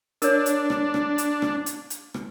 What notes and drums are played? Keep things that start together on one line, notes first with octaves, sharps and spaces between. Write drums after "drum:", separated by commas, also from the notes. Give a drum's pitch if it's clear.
D4 A#4 C#5, drum: hi-hat
drum: hi-hat
drum: rim click
drum: rim click
drum: hi-hat
drum: rim click
drum: hi-hat
drum: hi-hat
drum: rim click